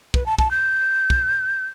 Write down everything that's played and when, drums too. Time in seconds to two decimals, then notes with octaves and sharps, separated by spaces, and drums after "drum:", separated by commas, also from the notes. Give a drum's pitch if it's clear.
0.14 B4, drum: kick
0.26 A5
0.39 A5, drum: kick
0.51 G6
1.10 drum: kick